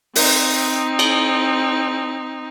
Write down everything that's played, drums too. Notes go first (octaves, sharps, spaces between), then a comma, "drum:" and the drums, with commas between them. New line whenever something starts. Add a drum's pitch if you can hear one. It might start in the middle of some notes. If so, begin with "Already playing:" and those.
C4 D#4, drum: open hi-hat
drum: cymbal